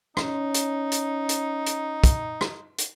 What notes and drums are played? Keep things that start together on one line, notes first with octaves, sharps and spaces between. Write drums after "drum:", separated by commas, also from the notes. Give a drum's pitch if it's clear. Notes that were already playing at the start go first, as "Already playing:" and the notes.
C#4 D#4, drum: rim click
drum: hi-hat
drum: hi-hat
drum: hi-hat
drum: hi-hat
drum: kick, hi-hat
drum: rim click
drum: hi-hat